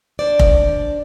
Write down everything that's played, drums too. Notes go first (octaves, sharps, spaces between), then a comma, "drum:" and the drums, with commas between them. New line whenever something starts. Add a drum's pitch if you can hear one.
D4 C5 D5
drum: kick F1